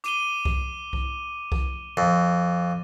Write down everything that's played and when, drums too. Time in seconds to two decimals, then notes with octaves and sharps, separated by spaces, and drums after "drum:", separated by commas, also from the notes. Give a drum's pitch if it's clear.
0.04 D6 D#7 G7, drum: hi-hat
0.45 drum: kick C2
0.93 drum: kick C2
1.52 drum: kick C2
1.97 F2